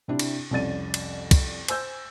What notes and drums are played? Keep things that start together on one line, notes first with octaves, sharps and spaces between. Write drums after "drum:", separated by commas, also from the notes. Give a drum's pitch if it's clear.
C3 C4 D4 E4 G4
drum: cymbal
C2 F2 C#4 D5 A6 D#7
drum: cymbal
drum: kick, cymbal
C5 G#5 E6 G6, drum: cymbal